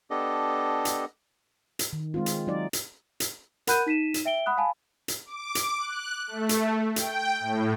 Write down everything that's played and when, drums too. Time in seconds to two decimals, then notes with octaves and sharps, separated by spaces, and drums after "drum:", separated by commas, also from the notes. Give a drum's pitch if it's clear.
0.10 B3 D4 G4 A4 D#5
0.85 drum: hi-hat
1.79 drum: hi-hat
1.93 D#3
2.14 G#3 C4 F4
2.26 drum: hi-hat
2.47 F#3 D#4 D5
2.73 drum: hi-hat
3.20 drum: hi-hat
3.67 A#4 F#5 B5 F#6 G6 D#7, drum: hi-hat
3.87 D#4 B6 D#7 E7
4.14 drum: hi-hat
4.25 E5 G5 D7 G7
4.46 F#5 B5 D#6 F#6
4.57 F5 G#5 A5 B5
5.08 drum: hi-hat
5.25 D6
5.55 drum: hi-hat
5.79 F#6
6.27 A3
6.49 drum: hi-hat
6.96 G5, drum: hi-hat
7.40 A2